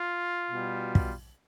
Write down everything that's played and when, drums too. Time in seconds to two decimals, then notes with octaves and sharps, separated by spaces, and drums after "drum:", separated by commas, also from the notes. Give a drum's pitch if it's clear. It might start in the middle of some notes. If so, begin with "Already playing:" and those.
Already playing: F4
0.50 B2 G3
0.95 drum: kick